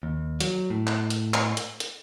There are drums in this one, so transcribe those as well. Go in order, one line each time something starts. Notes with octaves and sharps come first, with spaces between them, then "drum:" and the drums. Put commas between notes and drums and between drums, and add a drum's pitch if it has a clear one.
D#2
F#3, drum: hi-hat
A2
drum: clap
drum: hi-hat
drum: clap
drum: hi-hat
drum: hi-hat